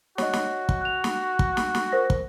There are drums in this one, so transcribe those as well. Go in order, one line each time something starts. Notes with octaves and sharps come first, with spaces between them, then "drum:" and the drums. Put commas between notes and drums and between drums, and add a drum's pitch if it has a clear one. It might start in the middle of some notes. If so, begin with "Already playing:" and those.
F#4 C#5 D#5, drum: snare
drum: snare
drum: kick
F#6 F7
drum: snare
drum: kick
drum: snare
drum: snare
A#4 C5 A#6
drum: kick